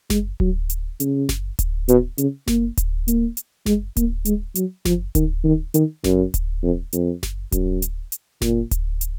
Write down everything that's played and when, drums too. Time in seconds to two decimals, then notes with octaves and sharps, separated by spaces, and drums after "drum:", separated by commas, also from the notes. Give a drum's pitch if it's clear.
0.10 G#3, drum: snare F#1
0.40 F#3, drum: kick D1
0.70 drum: hi-hat
1.00 C#3, drum: hi-hat
1.29 drum: snare F#1
1.59 drum: kick D1, hi-hat
1.88 B2, drum: hi-hat
2.18 C#3, drum: hi-hat
2.48 A#3, drum: snare F#1
2.77 drum: kick D1, hi-hat
3.08 A#3, drum: hi-hat
3.37 drum: hi-hat
3.66 G#3, drum: snare F#1
3.97 A#3, drum: kick D1, hi-hat
4.25 G#3, drum: hi-hat
4.55 F#3, drum: hi-hat
4.85 F3, drum: snare F#1
5.15 D#3, drum: kick D1, hi-hat
5.44 D#3
5.74 D#3, drum: hi-hat
6.04 F#2, drum: snare F#1
6.34 drum: kick D1, hi-hat
6.63 F2
6.93 F2, drum: hi-hat
7.23 drum: snare F#1
7.52 F#2, drum: kick D1, hi-hat
7.82 drum: hi-hat
8.12 drum: hi-hat
8.42 A#2, drum: snare F#1
8.71 drum: kick D1, hi-hat
9.01 drum: hi-hat